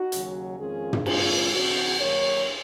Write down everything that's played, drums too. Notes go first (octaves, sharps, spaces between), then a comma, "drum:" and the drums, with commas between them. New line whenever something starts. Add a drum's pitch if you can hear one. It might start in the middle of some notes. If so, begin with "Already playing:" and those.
Already playing: D#4 F#4
D#2 C#3 F#3, drum: hi-hat
F2 D#3 G#3 C#4 F4 G#4
drum: tom
D#2 C#3 G#3 C4 F4, drum: cymbal
C#3 F3 C4 D#4 F#4
D#2 D#3 F#3 A#3 A#4 C#5